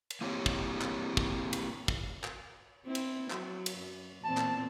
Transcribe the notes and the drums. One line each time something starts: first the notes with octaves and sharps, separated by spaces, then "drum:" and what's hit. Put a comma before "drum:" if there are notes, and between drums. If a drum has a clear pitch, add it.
drum: cymbal
A#3 C4 E4 G4 C#5
drum: kick
drum: clap
drum: kick
drum: cymbal
drum: kick
drum: clap
C4 E4
drum: cymbal
F#3, drum: clap
drum: cymbal
F#2
E2 A#2 C4 A5
drum: clap